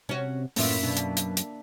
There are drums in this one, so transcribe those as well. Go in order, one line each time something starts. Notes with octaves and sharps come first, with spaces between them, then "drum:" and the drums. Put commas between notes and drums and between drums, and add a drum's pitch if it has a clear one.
C3 C#4 F#4
F#2 A2 E3 A#3 F4 E5, drum: open hi-hat
B2 D4
drum: hi-hat
drum: hi-hat
drum: hi-hat